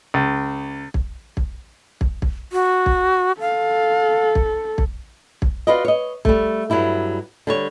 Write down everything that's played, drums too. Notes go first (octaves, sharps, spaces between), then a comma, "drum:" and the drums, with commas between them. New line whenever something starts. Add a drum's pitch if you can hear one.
C#2
drum: kick
drum: kick
drum: kick
drum: kick
F#4
drum: kick
A4 F5
drum: kick
drum: kick
drum: kick
F4 F#4 B4 D5 D#5
C#5 D#5
G3 A3, drum: kick
G2 F#3 G3 E4 G4
D3 G3 C#5